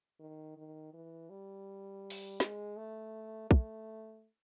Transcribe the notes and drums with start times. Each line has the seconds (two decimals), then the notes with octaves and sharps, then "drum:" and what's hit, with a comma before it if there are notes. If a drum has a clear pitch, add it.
0.20 D#3
0.57 D#3
0.94 E3
1.30 G3
2.10 drum: open hi-hat
2.40 G#3, drum: snare
2.77 A3
3.51 A3, drum: kick